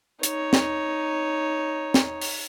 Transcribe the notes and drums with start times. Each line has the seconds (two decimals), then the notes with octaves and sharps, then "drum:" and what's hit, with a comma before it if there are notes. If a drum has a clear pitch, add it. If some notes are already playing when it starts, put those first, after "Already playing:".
0.23 D#4 C#5, drum: hi-hat
0.53 drum: snare
1.94 drum: snare
2.21 drum: open hi-hat